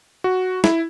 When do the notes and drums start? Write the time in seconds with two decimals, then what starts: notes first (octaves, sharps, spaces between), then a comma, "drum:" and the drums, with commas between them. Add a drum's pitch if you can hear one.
0.24 F#4
0.64 E4, drum: snare